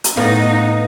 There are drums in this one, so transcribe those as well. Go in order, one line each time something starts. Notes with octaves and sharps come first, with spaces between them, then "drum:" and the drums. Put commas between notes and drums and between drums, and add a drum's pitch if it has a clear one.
drum: hi-hat
A2 B3 D#4 F5